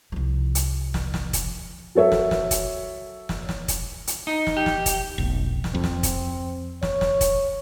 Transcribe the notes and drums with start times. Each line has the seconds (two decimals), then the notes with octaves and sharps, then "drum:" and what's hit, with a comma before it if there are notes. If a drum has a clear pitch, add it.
0.12 C2 F3
0.55 drum: hi-hat
0.94 drum: snare
1.14 drum: snare
1.33 drum: kick, hi-hat
1.95 F#3 A4 C#5 E5
2.12 drum: snare
2.31 drum: snare
2.51 drum: kick, hi-hat
3.29 drum: snare
3.49 drum: snare
3.68 drum: kick, hi-hat
4.07 drum: hi-hat
4.27 D#4
4.47 drum: snare
4.57 G4
4.66 drum: snare
4.86 drum: kick, hi-hat
5.18 F1 B1
5.64 drum: snare
5.75 F2 C4
5.84 drum: snare
6.03 drum: kick, hi-hat
6.83 C#5, drum: snare
7.01 drum: snare
7.21 drum: kick, hi-hat